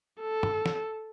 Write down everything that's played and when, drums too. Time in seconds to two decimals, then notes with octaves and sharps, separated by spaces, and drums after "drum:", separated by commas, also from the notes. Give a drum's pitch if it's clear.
0.21 A4
0.43 drum: tom G2
0.66 drum: snare